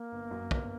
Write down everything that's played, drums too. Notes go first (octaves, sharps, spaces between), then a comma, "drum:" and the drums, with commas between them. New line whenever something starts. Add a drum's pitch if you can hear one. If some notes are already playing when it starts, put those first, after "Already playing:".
Already playing: A#3
G1
F#2
G1, drum: kick